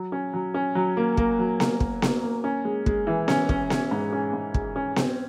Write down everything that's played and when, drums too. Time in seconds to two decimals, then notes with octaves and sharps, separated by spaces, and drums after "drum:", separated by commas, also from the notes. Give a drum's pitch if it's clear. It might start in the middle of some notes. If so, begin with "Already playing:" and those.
Already playing: F#3
0.12 C#4
0.33 F#3
0.54 C#4
0.75 F#3
0.97 A#3
1.17 A#3, drum: kick
1.39 F#3
1.60 A#3, drum: snare B3
1.80 A#3, drum: kick
2.02 A#3, drum: snare B3
2.23 A#3
2.44 C#4
2.65 G#3
2.86 G#3, drum: kick
3.07 E3
3.28 C#4, drum: snare B3
3.49 C#4, drum: kick
3.70 C#4, drum: snare B3
3.91 G#2
4.13 C#4
4.33 G#2
4.54 G#3, drum: kick
4.76 C#4
4.96 C4, drum: snare B3